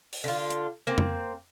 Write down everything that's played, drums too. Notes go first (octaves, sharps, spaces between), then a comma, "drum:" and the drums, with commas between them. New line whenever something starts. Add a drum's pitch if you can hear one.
drum: open hi-hat
D3 F4
drum: hi-hat
A#3 C4
drum: tom